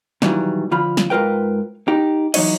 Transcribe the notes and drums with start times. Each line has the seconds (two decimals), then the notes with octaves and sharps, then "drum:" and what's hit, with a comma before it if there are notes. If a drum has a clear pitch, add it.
0.22 A#2 D#3 E3 F#3 G3, drum: snare
0.71 D3 F3 F4 B5
0.97 drum: snare
1.10 G#2 F4 A#4 B4 G5
1.88 D#4 G4
2.34 E3 F#3 D#4 C#5 D#5, drum: cymbal